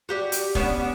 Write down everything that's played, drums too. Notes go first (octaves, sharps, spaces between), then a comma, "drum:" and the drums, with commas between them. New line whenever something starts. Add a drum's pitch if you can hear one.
F#4 G4 D5
drum: hi-hat
B3 C#4 D4, drum: kick